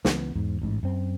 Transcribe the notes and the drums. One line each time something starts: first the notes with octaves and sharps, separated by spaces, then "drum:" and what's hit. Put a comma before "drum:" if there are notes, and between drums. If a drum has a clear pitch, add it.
C#2 E3 B3, drum: snare
E2 G#2
A1 G#2
F#2 C4